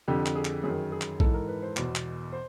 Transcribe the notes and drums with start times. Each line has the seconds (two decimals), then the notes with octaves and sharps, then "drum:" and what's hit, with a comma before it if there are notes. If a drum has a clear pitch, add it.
0.08 F2 D3 G4
0.26 drum: clap
0.35 G#4
0.45 drum: clap
0.63 F#2 D#3 G#4
0.92 G#4
1.01 drum: clap
1.20 G#2 E3 A4, drum: kick A#1
1.34 A#4
1.48 B4
1.62 C5
1.77 E2 B2, drum: clap
1.95 drum: clap
2.33 C5